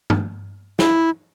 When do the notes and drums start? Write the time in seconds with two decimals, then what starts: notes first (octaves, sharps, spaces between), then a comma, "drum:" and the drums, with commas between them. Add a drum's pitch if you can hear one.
0.10 drum: tom G2
0.79 E4, drum: snare